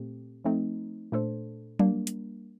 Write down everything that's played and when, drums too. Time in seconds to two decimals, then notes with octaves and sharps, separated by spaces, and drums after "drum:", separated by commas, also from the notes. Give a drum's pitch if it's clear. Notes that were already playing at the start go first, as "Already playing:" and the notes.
Already playing: A#2 A3 C4 G4
0.44 F3 A3 C4 D#4
1.12 A#2 A3 D4 A4 C5
1.79 G3 A#3 D4, drum: tom F#3
2.07 drum: hi-hat